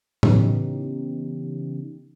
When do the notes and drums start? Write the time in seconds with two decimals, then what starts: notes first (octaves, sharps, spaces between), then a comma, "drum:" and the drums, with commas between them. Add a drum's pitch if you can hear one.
0.23 C#3 E3 B3 C#4 D#4 G4, drum: tom A2